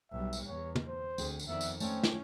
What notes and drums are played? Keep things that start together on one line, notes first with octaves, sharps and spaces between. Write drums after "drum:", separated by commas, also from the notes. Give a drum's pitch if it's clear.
B1 G3 E5
drum: tambourine
E2 C#5
drum: tom
C5
D2 C4 G#4, drum: tambourine
drum: tambourine
F2 D#3 B3 D5 E5
drum: tambourine
A3 C4 C#4 C#5 G5, drum: tambourine
drum: snare